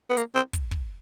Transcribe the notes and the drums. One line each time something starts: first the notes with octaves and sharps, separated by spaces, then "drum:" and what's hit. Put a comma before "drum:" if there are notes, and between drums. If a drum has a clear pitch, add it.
B3
A#3, drum: hi-hat
C4
drum: kick, hi-hat
drum: kick